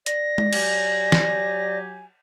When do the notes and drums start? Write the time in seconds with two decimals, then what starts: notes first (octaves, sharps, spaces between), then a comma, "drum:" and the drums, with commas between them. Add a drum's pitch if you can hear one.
0.06 D5 A#6, drum: hi-hat
0.38 drum: tom
0.53 F#3 G4 G#5, drum: cymbal
1.12 drum: snare